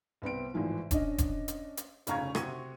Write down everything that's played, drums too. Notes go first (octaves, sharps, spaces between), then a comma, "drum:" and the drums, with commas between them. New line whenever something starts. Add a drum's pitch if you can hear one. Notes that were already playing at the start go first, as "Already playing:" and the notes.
C2 B3 C4 D7
G#1 A2 E3 F3
C#4 D4 D#5, drum: kick E1, hi-hat
drum: kick E1, hi-hat
drum: hi-hat
drum: hi-hat
F1 C#3 F5 A#5 C#6 G#6, drum: hi-hat
C3 C4 F#4 C#6 G#6 D#7, drum: rim click